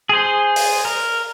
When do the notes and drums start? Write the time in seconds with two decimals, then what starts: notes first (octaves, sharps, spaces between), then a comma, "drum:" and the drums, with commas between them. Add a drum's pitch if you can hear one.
0.09 G#4 C5
0.56 drum: open hi-hat
0.85 A#4